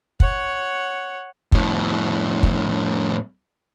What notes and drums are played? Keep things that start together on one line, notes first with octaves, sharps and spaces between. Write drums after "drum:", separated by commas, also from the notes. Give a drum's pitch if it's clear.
C#5 F#5, drum: kick
F2 A2, drum: kick
drum: kick